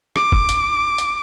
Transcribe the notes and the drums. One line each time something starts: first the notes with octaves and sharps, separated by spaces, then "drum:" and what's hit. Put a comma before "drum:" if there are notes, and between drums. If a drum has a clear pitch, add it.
D6, drum: rim click
drum: kick
drum: hi-hat
drum: hi-hat